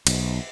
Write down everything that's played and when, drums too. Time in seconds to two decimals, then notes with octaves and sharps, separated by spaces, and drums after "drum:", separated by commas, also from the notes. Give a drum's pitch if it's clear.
0.07 B1, drum: cymbal